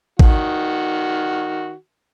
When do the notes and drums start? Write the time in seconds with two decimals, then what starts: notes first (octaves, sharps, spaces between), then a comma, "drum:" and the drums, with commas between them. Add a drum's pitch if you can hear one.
0.19 D#3 F#4, drum: kick